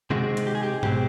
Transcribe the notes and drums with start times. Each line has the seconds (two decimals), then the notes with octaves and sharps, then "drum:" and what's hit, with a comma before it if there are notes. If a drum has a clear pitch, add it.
0.10 C3 D#3 G#3 C4 F#4
0.37 drum: hi-hat
0.47 G4
0.55 G#4
0.63 G4
0.83 B2 G#3 C4 G4, drum: tom G#2